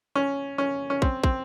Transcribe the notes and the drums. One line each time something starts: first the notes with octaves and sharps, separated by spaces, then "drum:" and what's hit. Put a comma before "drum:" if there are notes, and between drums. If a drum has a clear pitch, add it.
C#4
C#4
C#4
C4, drum: kick
C4, drum: kick